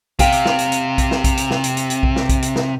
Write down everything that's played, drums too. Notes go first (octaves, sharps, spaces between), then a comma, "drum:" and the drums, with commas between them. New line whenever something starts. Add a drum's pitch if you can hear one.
C3 F5 G5, drum: kick B1, hi-hat
drum: hi-hat
drum: snare
drum: hi-hat
drum: hi-hat
drum: kick B1, hi-hat
drum: snare
drum: kick B1, hi-hat
drum: hi-hat
drum: snare
drum: hi-hat
drum: hi-hat
drum: hi-hat
drum: kick B1
drum: snare
drum: kick B1, hi-hat
drum: hi-hat
drum: snare